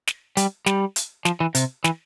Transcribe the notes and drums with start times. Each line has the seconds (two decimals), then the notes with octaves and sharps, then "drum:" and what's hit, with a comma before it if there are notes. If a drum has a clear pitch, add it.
0.07 drum: snare
0.37 G3, drum: hi-hat
0.66 G3, drum: snare
0.96 drum: hi-hat
1.25 F3, drum: snare
1.40 E3
1.55 C3, drum: hi-hat
1.84 E3, drum: snare